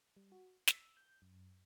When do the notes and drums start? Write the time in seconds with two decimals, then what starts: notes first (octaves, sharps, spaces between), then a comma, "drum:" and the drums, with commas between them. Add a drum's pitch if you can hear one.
0.17 G3
0.32 F#4
0.68 E6, drum: snare
0.97 G6
1.22 F#2